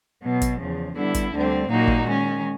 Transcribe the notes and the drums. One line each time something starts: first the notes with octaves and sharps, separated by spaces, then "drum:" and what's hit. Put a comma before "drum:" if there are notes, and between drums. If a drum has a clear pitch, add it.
B2 F#3 B3
drum: kick, hi-hat
E2 C#3 F3
D3 G3 B3 E4
drum: kick, hi-hat
D2 D3 G3 C4
A#2 F#3 A#3 D#4 F#4
drum: kick
D#3 G#3 C#4